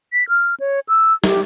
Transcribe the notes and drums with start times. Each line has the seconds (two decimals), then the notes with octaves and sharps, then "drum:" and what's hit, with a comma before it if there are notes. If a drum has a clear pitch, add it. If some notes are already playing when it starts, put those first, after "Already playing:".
0.13 B6
0.29 F6
0.60 C#5
0.89 E6
1.24 G4, drum: snare